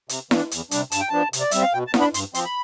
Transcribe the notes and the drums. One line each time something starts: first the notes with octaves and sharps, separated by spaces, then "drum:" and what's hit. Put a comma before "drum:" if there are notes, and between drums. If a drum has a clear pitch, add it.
C3, drum: hi-hat
E3 B3 D4, drum: snare E4
E2, drum: hi-hat
C3 G3 D4, drum: hi-hat
G2 A5, drum: hi-hat
G5
F3 B3 D4 A5
C3, drum: hi-hat
D5
G3 C4 E5, drum: hi-hat
F5
B2 G5
A5
B3, drum: snare E4
D4 B5
G2 C6, drum: hi-hat
F3 C4 C6, drum: hi-hat
B5